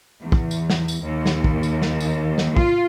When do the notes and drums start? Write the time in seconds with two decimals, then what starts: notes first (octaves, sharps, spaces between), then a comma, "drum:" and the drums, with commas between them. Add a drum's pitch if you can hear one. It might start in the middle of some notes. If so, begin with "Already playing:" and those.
0.21 E2
0.32 drum: kick
0.51 drum: tambourine
0.70 drum: snare
0.88 drum: tambourine
1.02 D#2
1.26 drum: snare
1.44 drum: kick
1.63 drum: tambourine
1.82 drum: snare
2.00 drum: tambourine
2.38 drum: snare
2.57 F4, drum: kick